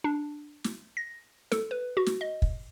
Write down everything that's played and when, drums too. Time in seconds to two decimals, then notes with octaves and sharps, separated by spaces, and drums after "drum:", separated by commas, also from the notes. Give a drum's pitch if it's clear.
0.04 D4
0.64 drum: snare
0.97 A#6
1.52 A4, drum: snare
1.71 B4
1.97 F#4
2.06 drum: snare
2.21 D#5
2.42 drum: kick